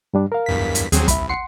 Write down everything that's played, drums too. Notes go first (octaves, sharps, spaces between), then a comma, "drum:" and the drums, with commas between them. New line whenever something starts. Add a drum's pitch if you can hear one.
G2 G3 D4
A#4 F5
E2 G2 B6
drum: hi-hat
D#2 F#3 C4 G#4, drum: hi-hat
C2 E5 B5, drum: kick, hi-hat
F#5 C6 C7 C#7